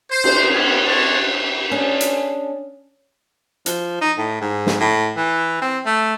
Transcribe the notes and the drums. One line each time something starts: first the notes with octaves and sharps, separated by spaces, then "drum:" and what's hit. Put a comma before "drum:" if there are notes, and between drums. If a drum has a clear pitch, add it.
C5
drum: cymbal
B3 C#4 D4 G#5
C4 D4 C#5 A5
C#4 D4 G#4
drum: hi-hat
F3, drum: hi-hat
D#4
A2
G#2
drum: snare
A2
E3
C4
A3